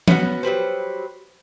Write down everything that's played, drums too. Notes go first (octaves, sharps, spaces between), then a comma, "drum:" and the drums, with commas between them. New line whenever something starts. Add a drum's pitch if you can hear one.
B3 C#4 F#4, drum: tom E3
F#3 G3 B4 C5